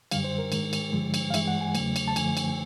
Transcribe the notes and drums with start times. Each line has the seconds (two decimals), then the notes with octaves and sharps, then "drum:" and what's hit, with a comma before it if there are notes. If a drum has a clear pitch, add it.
0.11 F#2 D3 G3 F5, drum: cymbal
0.24 C5
0.39 A#4
0.52 G#2 D#3 G#3, drum: cymbal
0.73 drum: cymbal
0.93 G2 D3 F3 G#3
1.14 drum: cymbal
1.30 F5
1.34 G2 E3 G#3 E5, drum: cymbal
1.47 F#5
1.61 G#5
1.75 E2 C#3 F#3 A3, drum: cymbal
1.96 drum: cymbal
2.08 A5
2.16 F#2 D3 F3 A3 G#5, drum: cymbal
2.37 drum: cymbal